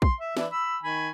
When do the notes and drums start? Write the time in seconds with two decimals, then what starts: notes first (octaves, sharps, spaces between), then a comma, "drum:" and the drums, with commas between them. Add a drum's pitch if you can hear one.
0.02 C6, drum: kick
0.20 E5
0.37 E3 D4 E4, drum: snare
0.51 B5 E6
0.83 D#3 G#5 B5